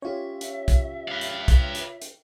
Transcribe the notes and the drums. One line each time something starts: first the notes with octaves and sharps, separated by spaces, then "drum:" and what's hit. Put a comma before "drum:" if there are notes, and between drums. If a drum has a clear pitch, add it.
C#4 F4 G4 C#5 E5
drum: hi-hat
drum: kick, hi-hat
B4 F5
drum: hi-hat
drum: kick, hi-hat
drum: hi-hat
drum: hi-hat